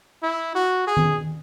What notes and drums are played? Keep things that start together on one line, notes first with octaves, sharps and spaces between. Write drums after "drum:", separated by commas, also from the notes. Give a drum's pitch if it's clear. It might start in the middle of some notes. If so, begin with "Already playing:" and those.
E4
F#4
G#4
drum: tom D#3